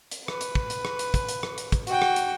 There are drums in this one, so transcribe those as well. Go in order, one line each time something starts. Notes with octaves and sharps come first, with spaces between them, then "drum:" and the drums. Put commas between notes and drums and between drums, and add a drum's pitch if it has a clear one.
drum: hi-hat
B4, drum: rim click
drum: hi-hat
drum: kick
drum: hi-hat
drum: rim click
drum: hi-hat
drum: kick, hi-hat
drum: hi-hat
drum: rim click
drum: hi-hat
drum: kick, hi-hat
F#4 G5, drum: hi-hat
drum: rim click
drum: hi-hat